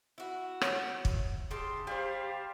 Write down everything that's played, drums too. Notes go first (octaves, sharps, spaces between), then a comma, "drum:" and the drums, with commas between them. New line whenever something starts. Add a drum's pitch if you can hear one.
E4 F#4
C#5, drum: rim click
drum: kick
C#3 G4 A5 C6
G3 G4 C5 F5